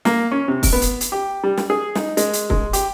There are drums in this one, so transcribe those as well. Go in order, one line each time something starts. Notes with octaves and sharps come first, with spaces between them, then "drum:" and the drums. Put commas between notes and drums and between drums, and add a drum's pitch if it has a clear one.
A#3, drum: snare
C#4
C3
drum: kick, open hi-hat
B3
drum: hi-hat
drum: hi-hat
G4
G3
drum: snare
G#4
D#4, drum: snare
G#3, drum: hi-hat
drum: hi-hat
G#3, drum: kick
G4, drum: hi-hat